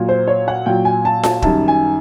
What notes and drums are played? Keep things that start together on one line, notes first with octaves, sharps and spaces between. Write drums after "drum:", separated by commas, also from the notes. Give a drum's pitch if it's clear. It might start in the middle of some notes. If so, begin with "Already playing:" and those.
Already playing: A#2 F#3
C5
C#5
F#5
A#2 F#3 G5
G#5
A5
A5, drum: snare F4
F#2 D#3 G3 A5, drum: kick
G#5